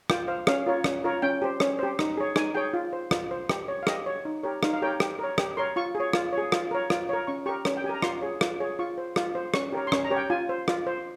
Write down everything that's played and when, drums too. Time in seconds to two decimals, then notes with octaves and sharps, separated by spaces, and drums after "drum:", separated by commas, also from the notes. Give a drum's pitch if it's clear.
0.10 F4 G5, drum: rim click
0.28 C5 F5
0.47 C#4 F5, drum: rim click
0.67 F4 A#4 C#5
0.84 C#4, drum: rim click
1.04 F4 A#4 C#5
1.22 C#4 G5
1.42 G4 C5
1.60 C#4, drum: rim click
1.79 G4 C5
1.99 D#4, drum: rim click
2.17 G#4 C#5
2.36 D#4 G#5, drum: rim click
2.55 G#4 C#5 G5
2.74 F4
2.93 C5
3.11 F4, drum: rim click
3.31 C5
3.49 G4, drum: rim click
3.68 C#5
3.83 F5
3.87 G4 D#5, drum: rim click
4.06 C#5
4.25 D#4
4.43 G4 A#4 C#5
4.63 D#4 F5, drum: rim click
4.73 F5
4.82 G4 A#4 C#5 G5
5.00 G4, drum: rim click
5.19 A#4 C#5
5.38 G4, drum: rim click
5.57 A#4 C#5 C6
5.76 F4 C#6
5.95 G#4
6.00 C#5
6.13 F4, drum: rim click
6.33 C#5
6.38 G#4
6.52 F4, drum: rim click
6.71 A#4 C#5
6.90 F4, drum: rim click
7.09 A#4 C#5
7.27 C#4 C#6
7.46 G4 A#4 C#6
7.65 C#4, drum: rim click
7.77 G5
7.84 G4 G#5
7.89 A#4
7.94 A#5
8.02 F4 C6, drum: rim click
8.21 G#4 C#5
8.41 F4, drum: rim click
8.60 G#4 C#5
8.79 F4 C#6
8.98 C5
9.16 F4, drum: rim click
9.35 C5
9.54 C#4 C#6, drum: rim click
9.72 G4 A#4 C#5
9.87 C6
9.92 C#4 C#6, drum: rim click
10.05 A#5
10.11 G4 A#4 C#5
10.17 G5
10.30 F4 G#5
10.49 C5
10.68 F4, drum: rim click
10.87 C5